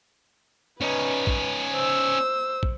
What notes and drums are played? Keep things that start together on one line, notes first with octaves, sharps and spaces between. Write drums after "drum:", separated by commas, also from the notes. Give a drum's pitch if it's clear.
C#4 D#4 B4
drum: kick
C5 E6
drum: kick